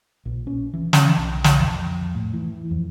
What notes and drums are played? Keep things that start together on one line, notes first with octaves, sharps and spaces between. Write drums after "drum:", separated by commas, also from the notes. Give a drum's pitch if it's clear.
A#1
C#4
E3
C#4, drum: snare
B1
drum: snare
F2
A2
E3
F2